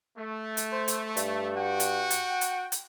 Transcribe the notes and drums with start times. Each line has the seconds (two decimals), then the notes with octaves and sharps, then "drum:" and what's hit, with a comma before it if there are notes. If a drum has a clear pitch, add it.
0.17 A3
0.57 drum: hi-hat
0.72 C5
0.88 drum: hi-hat
1.17 G2, drum: hi-hat
1.56 F#4 F#5 G5
1.80 drum: hi-hat
2.10 drum: hi-hat
2.41 drum: hi-hat
2.72 drum: hi-hat